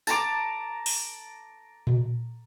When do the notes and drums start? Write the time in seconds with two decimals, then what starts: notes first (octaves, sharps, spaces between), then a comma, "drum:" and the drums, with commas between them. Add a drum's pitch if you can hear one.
0.07 A5 A#5 D6, drum: tambourine
0.86 drum: open hi-hat
1.87 drum: tom A#2